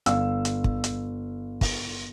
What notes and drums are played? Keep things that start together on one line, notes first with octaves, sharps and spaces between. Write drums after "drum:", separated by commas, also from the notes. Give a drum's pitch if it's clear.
G1 F5 E6, drum: hi-hat
drum: hi-hat
drum: kick
drum: hi-hat
drum: kick, open hi-hat